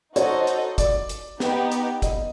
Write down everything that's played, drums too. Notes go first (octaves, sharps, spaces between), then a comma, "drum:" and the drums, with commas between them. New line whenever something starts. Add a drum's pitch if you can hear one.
D#4 F#4 A4 C5 C#5 D#5, drum: hi-hat
drum: hi-hat
D5, drum: kick, hi-hat
drum: hi-hat
B3 D#4 G4, drum: snare
drum: hi-hat
D#5, drum: kick, hi-hat